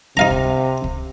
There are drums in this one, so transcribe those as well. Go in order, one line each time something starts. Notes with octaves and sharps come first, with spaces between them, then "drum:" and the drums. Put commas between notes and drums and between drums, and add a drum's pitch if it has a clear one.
C3 D#4 F5 A#5
drum: kick
drum: kick